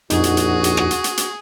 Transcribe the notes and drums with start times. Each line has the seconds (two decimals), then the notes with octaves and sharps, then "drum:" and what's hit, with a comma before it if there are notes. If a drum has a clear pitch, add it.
0.10 A#1 F2 D#4 F#4 G#4, drum: hi-hat
0.24 drum: hi-hat
0.37 drum: hi-hat
0.64 drum: hi-hat
0.77 drum: rim click
0.91 drum: hi-hat
1.04 drum: hi-hat
1.17 drum: hi-hat